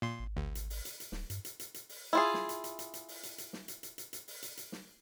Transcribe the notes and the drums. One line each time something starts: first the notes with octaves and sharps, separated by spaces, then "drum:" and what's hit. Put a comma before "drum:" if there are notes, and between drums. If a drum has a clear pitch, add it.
A#2 C6
G#1
D2
drum: hi-hat
drum: open hi-hat
drum: hi-hat
drum: hi-hat
D1, drum: snare
G2, drum: hi-hat
drum: hi-hat
drum: hi-hat
drum: hi-hat
drum: open hi-hat
E4 F4 G#4
drum: snare
drum: hi-hat
drum: hi-hat
drum: hi-hat
drum: hi-hat
drum: open hi-hat
drum: hi-hat
drum: hi-hat
drum: snare
drum: hi-hat
drum: hi-hat
drum: hi-hat
drum: hi-hat
drum: open hi-hat
drum: hi-hat
drum: hi-hat
drum: snare